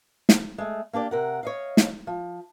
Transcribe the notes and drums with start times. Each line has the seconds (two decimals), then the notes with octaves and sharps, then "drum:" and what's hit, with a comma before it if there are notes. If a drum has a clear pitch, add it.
0.29 drum: snare
0.58 G#3 A3
0.93 A#3 D4 G4 D5
1.11 C3 A#4 F#5
1.43 C#5 D#5 F5
1.77 drum: snare
2.07 F3